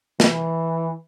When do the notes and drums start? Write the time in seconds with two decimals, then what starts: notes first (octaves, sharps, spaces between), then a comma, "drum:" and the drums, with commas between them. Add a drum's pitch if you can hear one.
0.20 E3, drum: snare